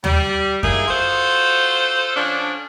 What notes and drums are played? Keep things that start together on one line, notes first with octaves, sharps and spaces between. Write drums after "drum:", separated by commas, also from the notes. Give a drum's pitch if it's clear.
G3, drum: tom
A#3 D#4 E4 G#4, drum: kick F#2
F4 F#4 A4 C5
D3 F3 C#4 D4